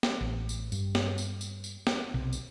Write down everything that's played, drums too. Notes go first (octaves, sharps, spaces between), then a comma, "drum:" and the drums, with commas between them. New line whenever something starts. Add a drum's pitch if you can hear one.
drum: snare
A1
drum: tambourine
G2, drum: tambourine
drum: snare
drum: tambourine
drum: tambourine
drum: tambourine
drum: snare
B1 C3
drum: tambourine